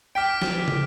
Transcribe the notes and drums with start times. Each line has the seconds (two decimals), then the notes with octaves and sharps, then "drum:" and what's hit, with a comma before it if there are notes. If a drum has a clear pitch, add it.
0.15 G5 D6 F6 B6 D7
0.42 drum: snare
0.68 drum: tom